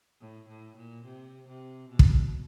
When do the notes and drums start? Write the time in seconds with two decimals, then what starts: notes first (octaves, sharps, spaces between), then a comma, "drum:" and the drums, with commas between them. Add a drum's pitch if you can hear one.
0.21 A2
0.49 A2
0.77 A#2
1.05 C3
1.48 C3
1.89 B2
1.99 drum: kick